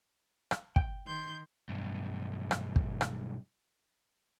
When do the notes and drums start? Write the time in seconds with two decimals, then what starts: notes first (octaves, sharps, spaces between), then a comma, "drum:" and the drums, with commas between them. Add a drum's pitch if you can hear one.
0.51 drum: rim click
0.76 G5, drum: kick
1.07 D#3 C6 G6
1.69 B1 G2
2.51 drum: rim click
2.76 drum: kick
3.01 drum: rim click